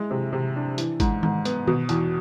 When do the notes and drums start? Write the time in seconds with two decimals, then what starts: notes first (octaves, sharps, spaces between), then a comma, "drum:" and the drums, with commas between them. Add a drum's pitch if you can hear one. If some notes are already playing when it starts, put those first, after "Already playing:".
Already playing: G#3 E4
0.11 C3
0.33 C3
0.56 D4
0.78 E3, drum: hi-hat
1.00 G#2, drum: kick G#1, hi-hat
1.23 G#2, drum: tom D#3
1.45 B3, drum: hi-hat
1.67 B2, drum: tom D#3
1.89 E2, drum: hi-hat